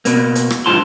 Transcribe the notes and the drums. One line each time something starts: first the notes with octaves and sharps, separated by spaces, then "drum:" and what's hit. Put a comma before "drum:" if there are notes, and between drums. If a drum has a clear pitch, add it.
B2 A#3, drum: hi-hat
drum: hi-hat
drum: rim click
G#2 D3 F4 A5 C6